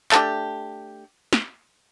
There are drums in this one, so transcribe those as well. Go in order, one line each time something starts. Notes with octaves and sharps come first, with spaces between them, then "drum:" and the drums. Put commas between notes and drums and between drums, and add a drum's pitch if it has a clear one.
A3 D4 G4, drum: clap
drum: snare